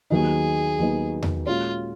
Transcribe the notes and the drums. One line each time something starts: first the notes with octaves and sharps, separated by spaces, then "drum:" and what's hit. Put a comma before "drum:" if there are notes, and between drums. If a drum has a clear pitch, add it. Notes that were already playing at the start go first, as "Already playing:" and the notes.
D#2 D#3 F#3 B3 D#4 G#4
D#2 D#3 F#3 B3 D#4
drum: tom E2
A#2 G#3 C#4 F4 F#4 C#5